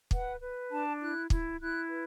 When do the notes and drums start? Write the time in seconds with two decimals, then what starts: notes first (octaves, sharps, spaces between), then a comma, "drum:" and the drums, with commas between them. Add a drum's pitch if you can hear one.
0.11 B4 F#5, drum: kick
0.41 B4
0.71 D4 A5
1.01 E4 F#6
1.30 E4, drum: kick
1.60 E4 F#6
1.89 B4